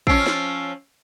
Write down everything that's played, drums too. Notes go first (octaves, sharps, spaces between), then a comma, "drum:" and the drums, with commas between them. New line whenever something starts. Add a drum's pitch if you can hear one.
F3 C#4 E6 C7 D7, drum: kick
drum: snare